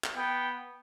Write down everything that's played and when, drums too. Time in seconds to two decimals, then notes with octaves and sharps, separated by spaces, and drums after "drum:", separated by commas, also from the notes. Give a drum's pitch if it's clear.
0.04 drum: clap
0.16 B3 G5